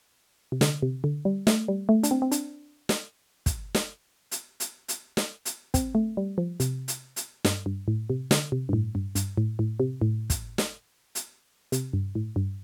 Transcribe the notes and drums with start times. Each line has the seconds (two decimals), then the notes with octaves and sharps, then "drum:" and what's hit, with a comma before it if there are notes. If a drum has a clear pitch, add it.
0.52 C3
0.61 D3, drum: snare
0.83 C3
1.04 D3
1.25 G3
1.47 A3, drum: snare
1.68 G3
1.89 A3
2.03 D4, drum: hi-hat
2.11 C4
2.22 C4
2.32 D4, drum: hi-hat
2.89 drum: snare
3.46 drum: kick, hi-hat
3.75 drum: snare
4.32 drum: hi-hat
4.60 drum: hi-hat
4.88 drum: hi-hat
5.17 drum: snare
5.45 drum: hi-hat
5.74 C4, drum: kick, hi-hat
5.95 A3
6.17 G3
6.38 F3
6.60 C3, drum: hi-hat
6.88 drum: hi-hat
7.16 drum: hi-hat
7.45 G2, drum: snare
7.66 G2
7.88 A2
8.10 C3
8.31 D3, drum: snare
8.52 C3
8.69 G2
8.73 A2
8.95 G2
9.15 G2, drum: hi-hat
9.38 A2
9.59 A2
9.80 C3
10.02 A2
10.30 drum: kick, hi-hat
10.58 drum: snare
11.15 drum: hi-hat
11.72 C3, drum: hi-hat
11.93 G2
12.15 A2
12.36 G2